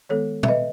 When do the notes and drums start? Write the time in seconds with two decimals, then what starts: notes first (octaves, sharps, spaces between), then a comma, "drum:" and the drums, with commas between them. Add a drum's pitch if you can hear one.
0.09 D#3 G#3 B3 A4 C#5
0.43 E5, drum: tom
0.48 B4 D#5